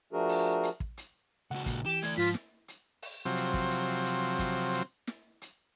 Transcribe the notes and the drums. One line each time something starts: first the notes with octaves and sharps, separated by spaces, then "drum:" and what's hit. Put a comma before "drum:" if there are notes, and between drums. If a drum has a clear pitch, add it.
F3 A3 D4 F#4 G#4 A#4
drum: open hi-hat
drum: hi-hat
drum: kick
drum: hi-hat
C#2 F#4 F#5
A#2, drum: kick, hi-hat
E3 G4 E7
A3 D5 G#6, drum: hi-hat
G#2 F3 F4 B6
drum: snare
drum: hi-hat
drum: open hi-hat
C3 F3 F#3 C4
drum: hi-hat
drum: kick
drum: hi-hat
drum: hi-hat
drum: kick, hi-hat
drum: hi-hat
drum: snare
drum: hi-hat